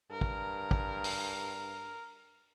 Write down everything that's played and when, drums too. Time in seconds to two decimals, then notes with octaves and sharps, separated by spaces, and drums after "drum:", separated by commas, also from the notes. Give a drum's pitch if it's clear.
0.11 G2 A#4
0.21 drum: kick
0.71 drum: kick
1.04 drum: open hi-hat